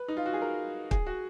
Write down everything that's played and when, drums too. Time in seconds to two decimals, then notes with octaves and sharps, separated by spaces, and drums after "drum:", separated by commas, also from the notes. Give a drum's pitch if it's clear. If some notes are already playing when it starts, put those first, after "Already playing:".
Already playing: B4
0.08 D#4
0.17 F4
0.26 F#4
0.33 G#4
0.42 A#4
0.91 G#4, drum: kick
1.07 F#4